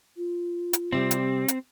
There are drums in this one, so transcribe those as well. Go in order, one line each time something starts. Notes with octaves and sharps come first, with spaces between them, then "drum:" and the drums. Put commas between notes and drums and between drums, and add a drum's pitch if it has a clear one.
F4
drum: hi-hat
C3 G3 C4 D5
drum: hi-hat
drum: hi-hat